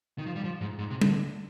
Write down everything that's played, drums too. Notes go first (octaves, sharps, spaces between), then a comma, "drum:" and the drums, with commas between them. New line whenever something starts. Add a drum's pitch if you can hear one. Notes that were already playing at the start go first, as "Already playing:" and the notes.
D#3
F3
G3
F3
G#2
G#2
C3
D3, drum: tom